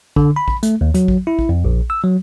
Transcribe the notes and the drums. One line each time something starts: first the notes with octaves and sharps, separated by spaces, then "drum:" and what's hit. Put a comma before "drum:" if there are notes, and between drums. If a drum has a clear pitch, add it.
D3, drum: kick
B5
drum: kick
A3, drum: hi-hat
D#2
F#3, drum: hi-hat
drum: kick
E4
drum: kick
F2
A#1
E6
F#3